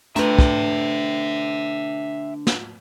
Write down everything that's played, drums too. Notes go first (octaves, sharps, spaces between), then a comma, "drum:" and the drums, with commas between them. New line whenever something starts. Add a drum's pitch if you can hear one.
D3 A3 B4 E5 G5 A#5, drum: hi-hat
drum: kick
drum: snare